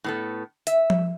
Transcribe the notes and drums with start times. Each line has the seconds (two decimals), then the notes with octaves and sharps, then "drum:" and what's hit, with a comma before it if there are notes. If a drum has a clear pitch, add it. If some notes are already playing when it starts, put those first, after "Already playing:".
0.04 A2 B3 A4
0.67 E5, drum: hi-hat
0.90 drum: tom F3